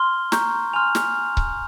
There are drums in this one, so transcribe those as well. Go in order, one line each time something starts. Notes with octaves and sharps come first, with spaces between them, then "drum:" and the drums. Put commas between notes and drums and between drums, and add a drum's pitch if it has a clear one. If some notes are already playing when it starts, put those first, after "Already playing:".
Already playing: C6 F6 G7
A#5 C#6 G6, drum: snare
G#5 C6 F6 F7
drum: snare
drum: kick C#1